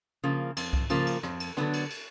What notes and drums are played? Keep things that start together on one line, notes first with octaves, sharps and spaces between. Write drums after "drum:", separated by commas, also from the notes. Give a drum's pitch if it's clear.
C#3 F3 A#3
F2, drum: cymbal
drum: kick C2
C#3 F3 A#3, drum: cymbal
drum: cymbal
F2, drum: rim click
drum: cymbal
D3 F#3 B3 D4, drum: rim click
drum: cymbal
drum: cymbal